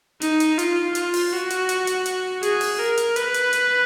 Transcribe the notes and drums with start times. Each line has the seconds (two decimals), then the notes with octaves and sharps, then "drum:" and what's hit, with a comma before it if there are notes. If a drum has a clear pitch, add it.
0.22 D#4, drum: hi-hat
0.40 drum: hi-hat
0.59 F4, drum: hi-hat
0.95 F4, drum: hi-hat
1.14 drum: open hi-hat
1.33 F#4
1.50 drum: hi-hat
1.69 drum: hi-hat
1.87 drum: hi-hat
2.06 drum: hi-hat
2.43 G#4, drum: hi-hat
2.61 drum: open hi-hat
2.79 A#4
2.97 drum: hi-hat
3.16 B4, drum: hi-hat
3.34 drum: hi-hat
3.53 drum: hi-hat